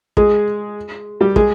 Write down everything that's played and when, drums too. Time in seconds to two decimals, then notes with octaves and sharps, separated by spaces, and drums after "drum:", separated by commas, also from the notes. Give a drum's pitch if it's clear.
0.17 G#3 G#4, drum: kick
1.21 G3 G4
1.36 G#3 G#4, drum: kick